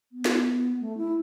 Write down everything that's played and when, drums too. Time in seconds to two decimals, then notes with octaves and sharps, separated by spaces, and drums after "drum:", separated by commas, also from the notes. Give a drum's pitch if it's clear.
0.12 B3
0.25 drum: snare
0.80 A3
0.97 E4